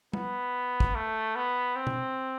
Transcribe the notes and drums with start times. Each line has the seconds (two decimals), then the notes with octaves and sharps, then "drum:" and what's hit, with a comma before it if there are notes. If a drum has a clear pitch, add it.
0.13 B3, drum: tom
0.80 drum: kick
0.95 A3
1.35 B3
1.76 C4
1.87 drum: tom